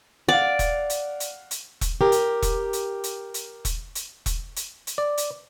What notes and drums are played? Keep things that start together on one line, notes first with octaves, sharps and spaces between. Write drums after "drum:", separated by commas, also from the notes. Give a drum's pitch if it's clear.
D5 F5 F#5
drum: kick E1, hi-hat
drum: hi-hat
drum: hi-hat
drum: hi-hat
drum: kick E1, hi-hat
G4 A#4
drum: hi-hat
drum: kick E1, hi-hat
drum: hi-hat
drum: hi-hat
drum: hi-hat
drum: kick E1, hi-hat
drum: hi-hat
drum: kick E1, hi-hat
drum: hi-hat
drum: hi-hat
D5
drum: hi-hat